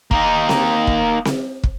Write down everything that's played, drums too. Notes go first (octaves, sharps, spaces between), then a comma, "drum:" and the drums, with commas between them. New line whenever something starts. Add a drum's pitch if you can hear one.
A#3 D#4, drum: kick
drum: snare C4
drum: kick
drum: snare C4
drum: kick